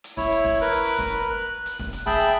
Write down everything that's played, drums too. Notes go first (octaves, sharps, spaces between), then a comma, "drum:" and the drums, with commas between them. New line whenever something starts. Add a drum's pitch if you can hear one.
drum: hi-hat
E4 C#5, drum: snare
drum: hi-hat
drum: snare
A#4 B4
drum: hi-hat
drum: hi-hat
drum: snare
F#6
drum: hi-hat
drum: snare
drum: hi-hat
G#4 E5 G5 A5 B5, drum: snare
drum: hi-hat